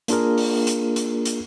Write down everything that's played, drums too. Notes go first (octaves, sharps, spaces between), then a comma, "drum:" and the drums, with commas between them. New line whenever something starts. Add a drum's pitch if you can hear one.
A#3 D4 F4 G#4 A#4, drum: hi-hat
drum: open hi-hat
drum: hi-hat
drum: hi-hat
drum: hi-hat